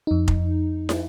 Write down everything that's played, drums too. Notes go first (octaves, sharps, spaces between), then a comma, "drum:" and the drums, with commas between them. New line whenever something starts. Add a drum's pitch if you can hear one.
F2 D#4
drum: kick F1
drum: snare